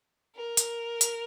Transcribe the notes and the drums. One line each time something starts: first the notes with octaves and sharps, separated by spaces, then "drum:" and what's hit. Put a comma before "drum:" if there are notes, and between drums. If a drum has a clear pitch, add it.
A#4
drum: hi-hat
drum: hi-hat